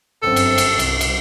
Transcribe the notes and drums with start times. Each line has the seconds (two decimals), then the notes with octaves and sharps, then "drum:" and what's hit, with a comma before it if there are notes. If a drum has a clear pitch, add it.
0.22 G1 F#2 C4 A4
0.36 drum: cymbal
0.58 drum: cymbal
0.79 C2, drum: cymbal
1.01 drum: cymbal